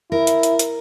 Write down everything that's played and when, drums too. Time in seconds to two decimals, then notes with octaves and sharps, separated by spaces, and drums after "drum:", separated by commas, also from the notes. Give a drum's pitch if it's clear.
0.11 E4 A#4
0.27 drum: hi-hat
0.43 drum: hi-hat
0.59 drum: hi-hat